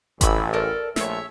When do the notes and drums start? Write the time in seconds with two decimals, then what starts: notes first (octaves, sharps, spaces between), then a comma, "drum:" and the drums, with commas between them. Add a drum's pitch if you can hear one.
0.21 A1 B5 C#6 E6, drum: kick G1, hi-hat
0.53 A4 A#4 D5
0.96 A#1 A3 C#5 E5, drum: snare